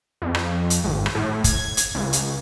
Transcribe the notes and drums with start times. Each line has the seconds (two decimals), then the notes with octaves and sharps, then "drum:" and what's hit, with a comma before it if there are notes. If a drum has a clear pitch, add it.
0.22 F2
0.35 drum: rim click
0.70 drum: hi-hat
0.84 G#1
1.06 drum: rim click
1.15 A2
1.44 G#6, drum: kick, hi-hat
1.77 drum: hi-hat
1.95 C#2
2.13 drum: hi-hat